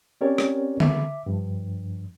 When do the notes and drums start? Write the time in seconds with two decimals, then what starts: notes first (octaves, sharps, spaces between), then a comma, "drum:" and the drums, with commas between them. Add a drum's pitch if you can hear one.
0.21 C4 C#4 G4 A#4 C#5 D5
0.38 drum: rim click
0.80 E5 D6, drum: tom D3
1.26 G2 F3